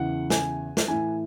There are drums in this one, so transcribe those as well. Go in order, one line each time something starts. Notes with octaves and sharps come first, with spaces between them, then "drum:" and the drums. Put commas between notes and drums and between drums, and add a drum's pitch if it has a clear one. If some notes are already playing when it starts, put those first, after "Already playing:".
Already playing: E2 C#3 E3 F#5
G#5, drum: snare
drum: snare
A2 E3 G#5